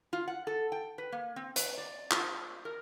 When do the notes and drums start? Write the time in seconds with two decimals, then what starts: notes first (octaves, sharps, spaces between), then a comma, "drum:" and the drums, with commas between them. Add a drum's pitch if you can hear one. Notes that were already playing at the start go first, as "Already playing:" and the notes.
0.13 F4
0.28 F#5
0.47 A4
0.72 G5
0.98 B4
1.12 A#3
1.36 C4
1.56 B4, drum: hi-hat
1.78 D5
2.11 F4, drum: clap
2.65 A#4